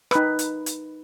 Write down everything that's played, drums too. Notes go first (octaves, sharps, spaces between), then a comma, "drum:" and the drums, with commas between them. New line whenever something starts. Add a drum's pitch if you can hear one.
D#4 B4, drum: rim click
drum: hi-hat
drum: hi-hat